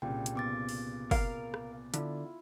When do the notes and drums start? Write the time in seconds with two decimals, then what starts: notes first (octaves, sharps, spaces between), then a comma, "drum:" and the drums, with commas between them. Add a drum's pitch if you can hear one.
0.02 C2 A#2 C#3 G5
0.26 drum: hi-hat
0.35 B3 D6 A6
0.69 drum: open hi-hat
1.11 A#4 F5, drum: kick, open hi-hat
1.54 drum: rim click
1.94 D3 E4 F4, drum: hi-hat